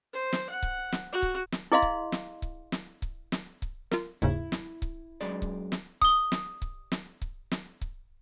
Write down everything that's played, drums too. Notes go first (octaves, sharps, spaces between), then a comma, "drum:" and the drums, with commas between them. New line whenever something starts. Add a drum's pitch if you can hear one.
C5
drum: snare
F#5
drum: kick C#1
drum: snare
F#4
drum: kick C#1
drum: snare
E4 G#4 D#5 F5 C6
drum: kick C#1
drum: snare
drum: kick C#1
drum: snare
drum: kick C#1
drum: snare
drum: kick C#1
F4 A#4, drum: snare
D#2 G#2 C#3 E4, drum: kick C#1
drum: snare
drum: kick C#1
F#2 G#3 D5
drum: kick C#1
drum: snare
D#6 G7, drum: kick C#1
drum: snare
drum: kick C#1
drum: snare
drum: kick C#1
drum: snare
drum: kick C#1